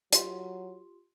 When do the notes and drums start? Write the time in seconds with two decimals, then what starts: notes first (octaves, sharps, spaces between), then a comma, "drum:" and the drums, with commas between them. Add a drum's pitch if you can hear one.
0.13 F#3 F4 G4 C6, drum: hi-hat